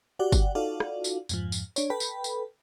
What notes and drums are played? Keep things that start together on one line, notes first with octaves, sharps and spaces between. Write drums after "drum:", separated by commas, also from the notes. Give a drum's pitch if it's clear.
F#4 G4 D5 F#5
drum: kick G1, tambourine
D#4 F4 F#4 A4 D5 F5
drum: rim click
drum: tambourine
F2 G#2 F3, drum: tambourine
drum: tambourine
D4 C#5, drum: tambourine
A4 B4 G5 B5
drum: tambourine
drum: tambourine